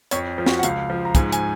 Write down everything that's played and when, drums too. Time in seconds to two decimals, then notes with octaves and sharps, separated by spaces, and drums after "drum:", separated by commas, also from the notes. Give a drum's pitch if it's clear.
0.11 F2 C#5, drum: hi-hat
0.38 F3
0.46 F#4, drum: snare
0.59 F#5
0.63 C#2 F5, drum: hi-hat
0.90 F3
1.05 A#5
1.15 G#2 G#5, drum: kick, hi-hat
1.32 G#5, drum: hi-hat